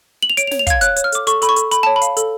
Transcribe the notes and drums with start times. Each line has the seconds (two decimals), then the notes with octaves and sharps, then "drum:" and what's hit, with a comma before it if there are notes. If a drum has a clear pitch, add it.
0.23 F#7
0.30 F7
0.37 C#5 D7, drum: hi-hat
0.47 F7
0.51 C#5, drum: snare
0.59 F7
0.67 F5 G#6, drum: kick, hi-hat
0.81 C#5 F#6, drum: hi-hat
0.96 C#5, drum: hi-hat
1.04 F6
1.12 A4 D6, drum: hi-hat
1.27 A4 C#6, drum: hi-hat
1.42 A4 B5, drum: hi-hat
1.49 C#6
1.56 A4, drum: hi-hat
1.71 A4 B5, drum: hi-hat
1.83 C#5 A5
1.96 B5
2.02 F5, drum: hi-hat
2.17 A4, drum: hi-hat